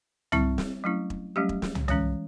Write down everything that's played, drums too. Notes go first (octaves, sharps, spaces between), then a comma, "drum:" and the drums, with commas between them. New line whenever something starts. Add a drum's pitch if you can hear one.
G3 C4 E4, drum: tom
drum: snare
F#3 A3 C#4 E4
drum: kick E1
F#3 G3 A3 C#4 G4
drum: kick E1
drum: snare
drum: tom
E3 G#3 C#4, drum: tom